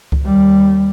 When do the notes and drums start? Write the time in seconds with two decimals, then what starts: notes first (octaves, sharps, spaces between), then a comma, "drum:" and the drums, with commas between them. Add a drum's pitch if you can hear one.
0.12 drum: kick C#2
0.24 D#2 G3